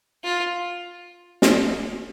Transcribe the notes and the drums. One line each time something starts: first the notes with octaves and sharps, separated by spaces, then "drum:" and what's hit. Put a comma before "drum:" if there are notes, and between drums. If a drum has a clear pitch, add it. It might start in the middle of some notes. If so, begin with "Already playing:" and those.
F4
drum: snare